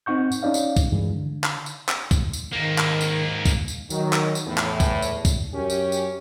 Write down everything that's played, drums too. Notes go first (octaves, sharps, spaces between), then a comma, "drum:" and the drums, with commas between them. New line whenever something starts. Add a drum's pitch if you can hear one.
C4 D#4 F#5 C#6 G6
drum: tambourine
C#4 D#4 D5 F5
drum: tambourine
drum: kick, tambourine
G2 E3 G#3
D3
drum: clap
drum: tambourine
drum: clap
drum: kick, tambourine
drum: tambourine
G#2 D#3 A#3
drum: clap
drum: tambourine
drum: kick, tambourine
drum: tambourine
D#3 F#3, drum: tambourine
drum: clap
drum: tambourine
E2 A2
drum: clap
drum: kick, tambourine
drum: tambourine
drum: kick, tambourine
F#2 C#4 G4
drum: tambourine
drum: tambourine